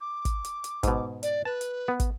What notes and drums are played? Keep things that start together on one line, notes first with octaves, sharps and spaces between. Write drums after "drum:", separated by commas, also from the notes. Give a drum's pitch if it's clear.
D6
drum: kick, hi-hat
drum: hi-hat
drum: hi-hat
G#2 B2, drum: kick, hi-hat
D5, drum: hi-hat
B4 A5
drum: hi-hat
B3
drum: kick, hi-hat